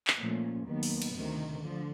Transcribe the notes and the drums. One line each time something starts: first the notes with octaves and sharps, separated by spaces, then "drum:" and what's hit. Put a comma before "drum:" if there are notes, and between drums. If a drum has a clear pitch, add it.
drum: clap
A#2 F3 A3 C#4
D#2 D#3 F#3 B3
drum: open hi-hat
drum: cymbal
D2 C3 D#3
D3 F3